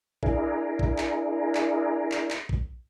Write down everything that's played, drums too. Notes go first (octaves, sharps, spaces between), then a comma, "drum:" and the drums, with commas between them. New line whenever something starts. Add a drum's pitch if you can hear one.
D4 E4 G#4 A#4, drum: kick A#1
drum: kick A#1
drum: clap
drum: clap
drum: clap
drum: clap
drum: kick A#1